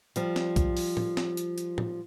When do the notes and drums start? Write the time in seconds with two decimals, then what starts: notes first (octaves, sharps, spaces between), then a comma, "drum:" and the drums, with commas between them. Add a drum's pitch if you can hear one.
0.16 F3 G3, drum: hi-hat
0.36 drum: snare
0.56 drum: kick, hi-hat
0.77 drum: open hi-hat
0.97 drum: tom
1.17 drum: snare
1.37 drum: hi-hat
1.58 drum: hi-hat
1.78 drum: tom